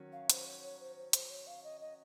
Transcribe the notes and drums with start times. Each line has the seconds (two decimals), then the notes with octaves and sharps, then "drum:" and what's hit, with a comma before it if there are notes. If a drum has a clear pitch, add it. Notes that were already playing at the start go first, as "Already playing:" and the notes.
Already playing: D#3 F#3 C#4
0.12 F5
0.30 C5, drum: hi-hat
0.46 C#5
0.63 C#5
0.80 C5
0.97 C5
1.13 C5, drum: hi-hat
1.30 C#5
1.47 F5
1.64 D#5
1.81 D#5